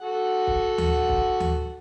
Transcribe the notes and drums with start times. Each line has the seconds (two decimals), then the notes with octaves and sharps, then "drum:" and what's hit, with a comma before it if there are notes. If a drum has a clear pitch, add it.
0.01 F#4 A4 F#5
0.47 drum: kick
0.78 drum: tom D2
1.09 drum: kick
1.40 drum: tom D2